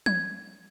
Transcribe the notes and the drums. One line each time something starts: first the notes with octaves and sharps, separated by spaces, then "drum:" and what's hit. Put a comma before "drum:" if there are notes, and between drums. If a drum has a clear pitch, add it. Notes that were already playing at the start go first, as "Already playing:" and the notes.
G#6, drum: tom